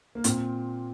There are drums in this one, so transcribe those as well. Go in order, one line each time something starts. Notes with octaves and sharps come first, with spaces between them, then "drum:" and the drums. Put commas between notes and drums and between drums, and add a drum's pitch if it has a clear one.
A#3
A#2 C4, drum: hi-hat